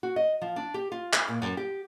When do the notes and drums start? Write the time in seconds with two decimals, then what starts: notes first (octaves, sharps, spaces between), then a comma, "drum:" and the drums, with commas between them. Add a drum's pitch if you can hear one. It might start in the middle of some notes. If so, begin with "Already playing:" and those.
0.03 F#4
0.16 D#5
0.42 F3
0.56 D4
0.74 G4
0.92 F4
1.13 E5, drum: clap
1.28 A#2
1.42 F#2
1.57 G4